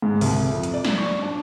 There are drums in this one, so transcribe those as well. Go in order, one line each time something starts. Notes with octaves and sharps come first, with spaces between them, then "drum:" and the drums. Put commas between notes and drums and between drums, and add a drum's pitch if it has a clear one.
G#2
C2, drum: open hi-hat
F2
drum: hi-hat
D5
drum: snare
C#6
D4